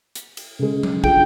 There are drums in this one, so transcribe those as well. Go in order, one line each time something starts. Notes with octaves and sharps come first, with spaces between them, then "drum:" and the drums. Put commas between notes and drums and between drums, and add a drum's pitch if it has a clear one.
drum: hi-hat
drum: cymbal
C#3 G#3
drum: tom F#3
D4 F4 G#4 G5, drum: kick